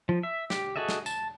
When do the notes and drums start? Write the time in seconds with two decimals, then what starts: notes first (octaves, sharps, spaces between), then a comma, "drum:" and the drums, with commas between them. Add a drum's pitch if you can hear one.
0.09 F3
0.23 E5
0.50 G4, drum: snare
0.76 F#4 G#4 A4 D#5 E5
0.89 drum: snare
1.06 A5, drum: tambourine